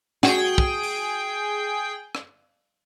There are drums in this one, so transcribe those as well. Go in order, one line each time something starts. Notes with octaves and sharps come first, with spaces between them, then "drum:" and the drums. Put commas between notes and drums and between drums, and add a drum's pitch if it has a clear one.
F#4 G#4 G5, drum: snare
drum: kick
drum: open hi-hat
drum: rim click